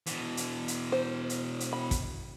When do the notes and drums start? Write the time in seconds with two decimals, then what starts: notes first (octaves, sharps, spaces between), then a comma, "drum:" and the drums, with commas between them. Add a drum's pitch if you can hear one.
0.06 B2 E3, drum: hi-hat
0.37 drum: hi-hat
0.68 drum: hi-hat
0.92 C5
1.30 drum: hi-hat
1.60 drum: hi-hat
1.73 B5
1.91 drum: kick, hi-hat